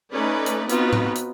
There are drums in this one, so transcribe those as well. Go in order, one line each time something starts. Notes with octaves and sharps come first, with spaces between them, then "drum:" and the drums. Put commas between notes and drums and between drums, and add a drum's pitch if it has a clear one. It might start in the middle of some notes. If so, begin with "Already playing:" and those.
A3 C#4 D#4 B4 D5
drum: hi-hat
B3 C4 D#4 F4 F#4 B4, drum: hi-hat
drum: tom A2
drum: hi-hat